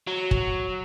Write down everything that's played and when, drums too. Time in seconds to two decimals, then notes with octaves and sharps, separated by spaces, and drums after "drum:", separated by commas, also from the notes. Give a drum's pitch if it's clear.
0.07 F#3
0.31 drum: kick